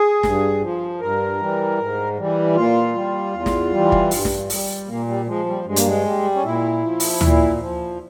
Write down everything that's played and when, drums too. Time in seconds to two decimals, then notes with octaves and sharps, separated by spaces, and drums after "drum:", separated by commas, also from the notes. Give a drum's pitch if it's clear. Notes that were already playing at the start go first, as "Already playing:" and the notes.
Already playing: G#4
0.23 G2, drum: snare
0.62 F3
1.01 G2 A#4
1.40 E3 G3
1.79 G#2
2.17 E3 G3
2.55 A#2 F4
2.95 G3
3.33 E2
3.46 drum: snare
3.72 E3 G3
3.92 drum: kick
4.11 G2, drum: open hi-hat
4.25 drum: snare
4.50 G3, drum: open hi-hat
4.88 A#2 A#3
5.08 G3
5.27 F3 G#3
5.46 G3
5.66 G2 G#3
5.76 A#3, drum: hi-hat
5.87 G#3
6.05 G3
6.35 C#4
6.44 A#2 E4
6.82 F3
7.00 drum: open hi-hat
7.21 A#2, drum: tom
7.60 F3